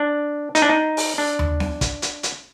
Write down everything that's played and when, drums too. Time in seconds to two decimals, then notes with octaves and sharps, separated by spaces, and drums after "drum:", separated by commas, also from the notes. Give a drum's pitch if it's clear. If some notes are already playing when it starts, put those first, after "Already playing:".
Already playing: D4
0.55 D#4, drum: hi-hat
0.62 D4
0.69 D#4
0.97 drum: open hi-hat
1.18 D4
1.39 drum: tom D#2
1.60 drum: snare B3
1.81 drum: kick, hi-hat
2.02 drum: hi-hat
2.23 drum: hi-hat